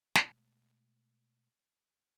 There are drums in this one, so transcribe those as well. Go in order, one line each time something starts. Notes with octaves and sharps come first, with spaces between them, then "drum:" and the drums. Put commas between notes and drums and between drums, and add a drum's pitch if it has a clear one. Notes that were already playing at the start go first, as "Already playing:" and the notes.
B2 G#3 A3, drum: snare